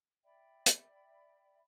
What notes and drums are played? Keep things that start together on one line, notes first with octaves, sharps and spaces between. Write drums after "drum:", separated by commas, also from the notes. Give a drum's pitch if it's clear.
D5 E5 G5 B5
drum: hi-hat